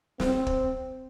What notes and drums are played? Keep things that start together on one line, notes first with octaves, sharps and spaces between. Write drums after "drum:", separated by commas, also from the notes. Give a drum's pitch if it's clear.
C4, drum: snare
drum: kick